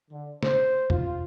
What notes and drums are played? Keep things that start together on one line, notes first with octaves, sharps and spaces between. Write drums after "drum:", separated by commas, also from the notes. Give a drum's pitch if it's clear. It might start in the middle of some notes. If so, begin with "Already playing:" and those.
D3
C5, drum: snare
F4, drum: tom E2